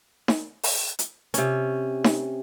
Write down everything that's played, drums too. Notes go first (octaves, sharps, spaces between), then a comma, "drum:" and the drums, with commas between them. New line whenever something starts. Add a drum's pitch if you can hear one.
drum: snare D#4
drum: open hi-hat
drum: hi-hat
C3 C#4, drum: hi-hat
drum: snare D#4